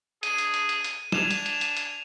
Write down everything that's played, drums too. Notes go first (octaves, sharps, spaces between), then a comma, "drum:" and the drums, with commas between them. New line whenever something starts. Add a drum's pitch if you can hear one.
D4 G#4 D#7, drum: hi-hat
drum: hi-hat
drum: hi-hat
drum: hi-hat
drum: hi-hat
D4 G#5 E7 F7, drum: snare
drum: hi-hat
drum: hi-hat
drum: hi-hat
drum: hi-hat